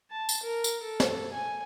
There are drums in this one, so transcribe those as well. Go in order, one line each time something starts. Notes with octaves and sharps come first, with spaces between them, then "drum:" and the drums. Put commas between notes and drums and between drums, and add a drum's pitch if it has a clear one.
A5
drum: tambourine
A#4
drum: tambourine
A4
drum: snare
G#5